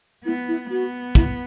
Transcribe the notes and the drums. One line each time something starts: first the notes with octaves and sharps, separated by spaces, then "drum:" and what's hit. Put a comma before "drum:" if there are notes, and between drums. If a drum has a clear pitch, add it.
B3 E4
E4
B3 F#4
E4, drum: kick